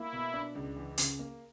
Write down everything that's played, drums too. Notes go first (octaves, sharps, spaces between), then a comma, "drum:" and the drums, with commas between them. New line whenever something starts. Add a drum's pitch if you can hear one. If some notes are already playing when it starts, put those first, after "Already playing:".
Already playing: A#3 E4
B2
D4
C#2
E3
C#3, drum: hi-hat
A#3